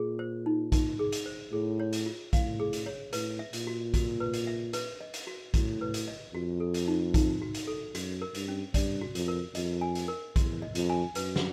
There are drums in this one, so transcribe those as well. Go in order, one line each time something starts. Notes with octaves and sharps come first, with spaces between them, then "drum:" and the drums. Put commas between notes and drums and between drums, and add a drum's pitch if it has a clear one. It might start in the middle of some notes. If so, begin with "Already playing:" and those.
Already playing: A#2 G#4
C5
D#4
D#4, drum: kick A#1, hi-hat
G#4
drum: hi-hat
C5
A2 G#4
C#5
drum: hi-hat
F4
A2 F5, drum: kick A#1, hi-hat
G#4
drum: hi-hat
C#5
A2 B4, drum: hi-hat
E5
A#2, drum: hi-hat
F#4
F#4, drum: kick A#1, hi-hat
B4
drum: hi-hat
E5
B4, drum: hi-hat
D#5
drum: hi-hat
F#4
A2 F#4, drum: kick A#1, hi-hat
B4
drum: hi-hat
D#5
F2 F#4
A4
drum: hi-hat
D#4
D#4, drum: kick A#1, hi-hat
F#4
drum: hi-hat
A4
F#2 F#4, drum: hi-hat
A#4
G2, drum: hi-hat
C#4
G2 D5, drum: kick A#1, hi-hat
F#4
F2, drum: hi-hat
A#4
F2 D#5, drum: hi-hat
G#5
drum: hi-hat
A#4
E2 C6, drum: kick A#1, hi-hat
D#5
F2, drum: hi-hat
G#5
F#2 B4, drum: hi-hat
drum: snare